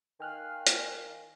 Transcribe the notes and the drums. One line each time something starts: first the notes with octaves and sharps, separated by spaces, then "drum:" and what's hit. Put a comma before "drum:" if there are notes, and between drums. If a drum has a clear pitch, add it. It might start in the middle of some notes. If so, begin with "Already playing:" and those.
D#3 F5 G5 G#5 F6 F#6
drum: hi-hat